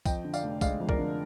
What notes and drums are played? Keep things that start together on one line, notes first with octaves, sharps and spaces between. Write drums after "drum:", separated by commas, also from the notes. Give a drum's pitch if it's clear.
F2 D#5 G5, drum: kick C2, tambourine
D3
D5 F5, drum: tambourine
F1
G#3 D5 F5, drum: kick C2, tambourine
F2
A#4 D5, drum: kick C2
D3